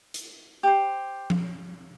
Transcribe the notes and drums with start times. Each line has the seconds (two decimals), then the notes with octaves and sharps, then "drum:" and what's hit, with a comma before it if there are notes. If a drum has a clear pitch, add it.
0.14 drum: hi-hat
0.63 G4 C5
1.30 drum: tom F3